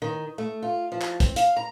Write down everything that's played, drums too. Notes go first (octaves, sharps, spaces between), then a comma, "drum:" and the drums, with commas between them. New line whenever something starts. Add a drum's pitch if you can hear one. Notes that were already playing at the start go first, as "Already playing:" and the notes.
D#3
A3
F4
F3
drum: clap
C4, drum: kick, hi-hat
F5, drum: hi-hat
A#5